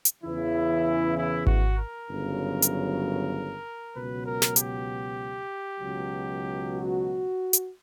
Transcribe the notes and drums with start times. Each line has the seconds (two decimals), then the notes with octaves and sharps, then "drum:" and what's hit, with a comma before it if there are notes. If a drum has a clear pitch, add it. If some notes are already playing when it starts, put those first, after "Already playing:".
0.05 drum: hi-hat
0.23 E2 C#3 E3 E4
1.17 E4
1.47 F#4, drum: kick G#1
1.78 A#4
2.09 G1 F#2 C#3 F#3
2.62 drum: hi-hat
3.94 C#2 B2 F#3 B4
4.25 A#4
4.42 drum: snare
4.56 G4, drum: hi-hat
5.79 C#2 B2 F#3
6.72 F#4
7.53 drum: hi-hat